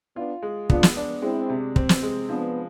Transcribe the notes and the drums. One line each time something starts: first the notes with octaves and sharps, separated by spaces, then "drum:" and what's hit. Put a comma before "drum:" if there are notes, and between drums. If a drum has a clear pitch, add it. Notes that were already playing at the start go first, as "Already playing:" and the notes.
B3 D4 F4
G#3
B3 D4 F4, drum: kick
drum: snare
D4
G#3 C4 E4
C3
C4, drum: kick
drum: snare
G#3
F3 B3 D4